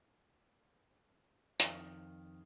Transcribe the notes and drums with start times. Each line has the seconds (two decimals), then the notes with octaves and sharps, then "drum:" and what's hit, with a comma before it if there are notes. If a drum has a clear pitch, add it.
1.60 F2 D#3, drum: hi-hat